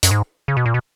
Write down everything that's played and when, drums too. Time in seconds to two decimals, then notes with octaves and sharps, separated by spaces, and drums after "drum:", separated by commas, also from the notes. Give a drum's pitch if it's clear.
0.03 F#2, drum: hi-hat
0.11 G#2
0.48 C#3
0.57 B2
0.66 A#2
0.74 B2